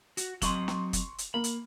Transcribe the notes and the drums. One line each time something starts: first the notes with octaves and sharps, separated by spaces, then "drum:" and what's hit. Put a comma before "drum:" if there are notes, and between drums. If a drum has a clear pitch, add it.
F#4, drum: hi-hat
F#3 C4 D#5 C6 C#6 F#7, drum: kick, hi-hat
drum: snare
drum: kick, hi-hat
drum: hi-hat
A#3 B5
drum: hi-hat